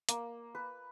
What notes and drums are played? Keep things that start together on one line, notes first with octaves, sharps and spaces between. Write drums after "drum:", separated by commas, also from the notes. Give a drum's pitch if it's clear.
A#3, drum: hi-hat
B4